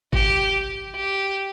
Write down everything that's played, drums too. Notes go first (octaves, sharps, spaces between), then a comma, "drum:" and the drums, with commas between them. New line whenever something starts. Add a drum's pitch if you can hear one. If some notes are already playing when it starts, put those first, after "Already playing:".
G4, drum: kick G#1
G4